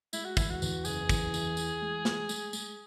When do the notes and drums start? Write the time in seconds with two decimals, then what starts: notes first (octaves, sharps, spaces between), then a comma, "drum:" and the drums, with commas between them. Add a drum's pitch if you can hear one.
0.13 G#3 E4, drum: tambourine
0.25 F#4
0.37 E2 E4, drum: kick, tambourine
0.50 F#4
0.62 E2, drum: tambourine
0.85 F#1 G#4, drum: tambourine
1.09 E2, drum: kick, tambourine
1.34 E3, drum: tambourine
1.57 E3, drum: tambourine
1.82 G#3
2.05 G#3, drum: snare
2.29 G#3, drum: tambourine
2.53 G#3, drum: tambourine